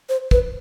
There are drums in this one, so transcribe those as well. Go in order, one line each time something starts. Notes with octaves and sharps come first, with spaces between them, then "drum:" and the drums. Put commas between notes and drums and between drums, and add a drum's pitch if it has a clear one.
C5
B4, drum: kick